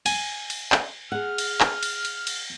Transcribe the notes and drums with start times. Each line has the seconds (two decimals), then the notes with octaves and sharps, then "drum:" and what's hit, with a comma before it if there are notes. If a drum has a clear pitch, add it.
0.06 G#5, drum: cymbal
0.50 drum: cymbal
0.72 drum: clap
1.12 G#4 F#5 F6
1.38 drum: cymbal
1.60 drum: clap
1.83 drum: cymbal
2.05 drum: cymbal
2.27 drum: cymbal